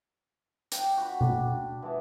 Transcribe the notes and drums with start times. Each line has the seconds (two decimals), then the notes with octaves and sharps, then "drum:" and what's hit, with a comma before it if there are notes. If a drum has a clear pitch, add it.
0.72 D4 G5, drum: hi-hat
0.97 F#4 B5
1.21 D4 G4, drum: tom B2
1.82 E3 G#3 G#5 A5